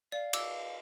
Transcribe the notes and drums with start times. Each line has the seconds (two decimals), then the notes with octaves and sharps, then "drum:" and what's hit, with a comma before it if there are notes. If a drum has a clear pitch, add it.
0.12 D5 F5
0.33 D6 E6, drum: cymbal